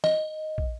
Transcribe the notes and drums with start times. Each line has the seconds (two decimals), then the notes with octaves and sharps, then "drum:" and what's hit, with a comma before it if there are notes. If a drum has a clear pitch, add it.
0.04 D#5, drum: snare
0.58 drum: kick